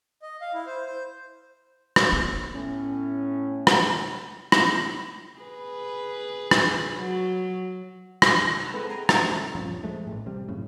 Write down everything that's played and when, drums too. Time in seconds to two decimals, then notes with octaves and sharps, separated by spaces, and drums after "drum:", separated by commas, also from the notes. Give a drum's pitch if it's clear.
0.22 D#5
0.41 F5
0.54 E4
0.66 C5
0.86 C5
1.96 drum: rim click
2.12 B3
2.53 A2 C#4
3.67 drum: rim click
4.52 drum: rim click
5.40 G#4 B4
6.51 drum: rim click
6.96 F#3
8.22 drum: rim click
8.60 F#5 A5 A#5
8.74 G#3 B3 C4 E4 A4 B4
8.89 G5 G#5 A#5 C6
9.09 G2 A3 C4 C#4 F#4, drum: rim click
9.55 D#1 G2 F3 C#4
9.84 F3 G#3 A3
10.07 A1 A2
10.26 C3 G3
10.48 F#2 A2 C#3